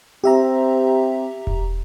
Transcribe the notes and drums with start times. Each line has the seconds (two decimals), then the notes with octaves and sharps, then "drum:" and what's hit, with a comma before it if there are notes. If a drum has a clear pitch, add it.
0.24 C4 G4 E5 A#5
1.47 drum: kick E1